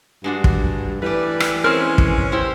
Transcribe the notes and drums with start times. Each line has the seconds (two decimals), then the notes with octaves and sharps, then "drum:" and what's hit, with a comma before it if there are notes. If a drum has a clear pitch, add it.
0.24 G2 G#3 D4 F#4
0.44 drum: kick
1.02 E3 G3 A3 B4 D5
1.40 drum: rim click
1.64 G#3 C4 C#4 A#4 F6
1.98 drum: kick
2.32 E4 G4 C5